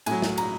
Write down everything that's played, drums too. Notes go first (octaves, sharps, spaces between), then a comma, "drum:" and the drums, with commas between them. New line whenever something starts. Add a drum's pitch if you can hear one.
A2 F#3 G#5, drum: cymbal
drum: snare
A#5, drum: cymbal